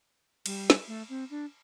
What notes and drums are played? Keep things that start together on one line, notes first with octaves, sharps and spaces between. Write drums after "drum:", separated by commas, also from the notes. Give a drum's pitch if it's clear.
G3, drum: cymbal
drum: snare
A3
C4
D4